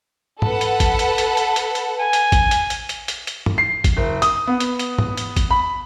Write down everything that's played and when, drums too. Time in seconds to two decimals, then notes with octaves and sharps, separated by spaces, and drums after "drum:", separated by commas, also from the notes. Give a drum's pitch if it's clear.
0.42 A4 B4 F#5, drum: tom
0.61 drum: hi-hat
0.80 drum: kick A1, hi-hat
0.99 drum: hi-hat
1.18 drum: hi-hat
1.37 drum: hi-hat
1.56 drum: hi-hat
1.75 drum: hi-hat
2.00 G#5
2.13 drum: hi-hat
2.32 drum: kick A1, hi-hat
2.51 drum: hi-hat
2.70 drum: hi-hat
2.89 drum: hi-hat
3.08 drum: hi-hat
3.27 drum: hi-hat
3.46 drum: tom
3.58 C7
3.84 drum: kick A1, hi-hat
3.97 F#1
4.22 D#6, drum: hi-hat
4.47 B3
4.60 drum: hi-hat
4.79 drum: hi-hat
4.98 drum: tom
5.17 drum: hi-hat
5.37 drum: kick A1, hi-hat
5.51 B5